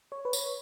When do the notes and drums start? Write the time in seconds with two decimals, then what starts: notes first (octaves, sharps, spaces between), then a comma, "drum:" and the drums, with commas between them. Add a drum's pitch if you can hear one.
0.12 C#5
0.25 B4
0.33 C#5, drum: tambourine